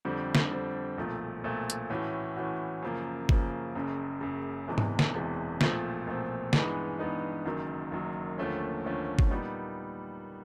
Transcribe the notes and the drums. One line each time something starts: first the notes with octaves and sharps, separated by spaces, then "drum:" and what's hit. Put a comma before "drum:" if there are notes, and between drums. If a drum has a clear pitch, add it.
F2 D3 G3 C4
drum: snare
F2 D3 G3 C4
B1 A#2 F3 A3
B1 A#2 F3 A3
drum: hi-hat
A2 E3 A3 C#4 F#4
A2 E3 A3 C#4 F#4
F#2 C#3 F3 A#3
F#2 C#3 F3 A#3, drum: kick G1
F#1 F#2 C#3
F#1 F#2 C#3
E1 E2 C3 E3 G#3
drum: tom G#2
drum: snare
E1 E2 C3 E3 G#3
B1 A#2 F3 A3 C4, drum: snare
B1 A#2 F3 A3 C4
G2 E3 G#3 B3 D#4, drum: snare
G2 E3 G#3 B3 D#4
F#1 F#2 D#3 F#3
F#1 F#2 D#3 F#3
D#2 D3 F3 A3 C#4
D#2 D3 F3 A3 C#4
drum: kick G1
A#2 G3 B3 D#4